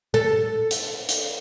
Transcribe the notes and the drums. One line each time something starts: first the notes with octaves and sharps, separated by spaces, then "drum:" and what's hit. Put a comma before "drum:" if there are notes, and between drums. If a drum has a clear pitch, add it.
A4
drum: hi-hat
drum: hi-hat